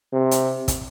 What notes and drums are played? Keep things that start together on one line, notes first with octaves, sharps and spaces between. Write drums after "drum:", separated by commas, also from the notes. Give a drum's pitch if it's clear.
C3
drum: hi-hat
drum: kick, hi-hat